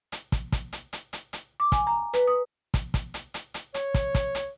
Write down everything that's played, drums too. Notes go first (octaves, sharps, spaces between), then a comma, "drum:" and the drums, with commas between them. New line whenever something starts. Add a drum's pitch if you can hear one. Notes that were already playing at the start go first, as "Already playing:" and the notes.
drum: hi-hat
drum: kick, hi-hat
drum: kick, hi-hat
drum: hi-hat
drum: hi-hat
drum: hi-hat
drum: hi-hat
D6
G#5, drum: kick, hi-hat
A#5
B4, drum: hi-hat
D#6
drum: kick, hi-hat
drum: kick, hi-hat
drum: hi-hat
drum: hi-hat
drum: hi-hat
C#5, drum: hi-hat
drum: kick, hi-hat
drum: kick, hi-hat
drum: hi-hat